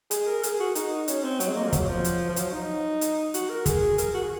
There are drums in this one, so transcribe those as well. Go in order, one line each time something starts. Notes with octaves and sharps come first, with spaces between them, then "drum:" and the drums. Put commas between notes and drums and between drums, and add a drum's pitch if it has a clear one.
G#4, drum: hi-hat
A#4
G#4, drum: hi-hat
F#4
D#4, drum: hi-hat
C#4, drum: hi-hat
C4
F#3, drum: hi-hat
G#3
A#3
G#3
F3
F#3, drum: kick, hi-hat
F3
drum: hi-hat
F3
F#3, drum: hi-hat
D#4
drum: hi-hat
F#4, drum: hi-hat
A#4
G#4, drum: kick, hi-hat
A#4, drum: hi-hat
F#4
G#4